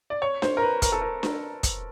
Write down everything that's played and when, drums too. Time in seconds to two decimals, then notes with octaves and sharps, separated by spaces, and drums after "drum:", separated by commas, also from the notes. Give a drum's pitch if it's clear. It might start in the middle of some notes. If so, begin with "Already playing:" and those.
0.10 D5
0.22 C#5
0.42 C5, drum: snare D4
0.57 A#4
0.62 B4
0.82 A#4, drum: kick, hi-hat
0.92 A4
1.01 A#4
1.23 drum: snare D4
1.63 drum: kick, hi-hat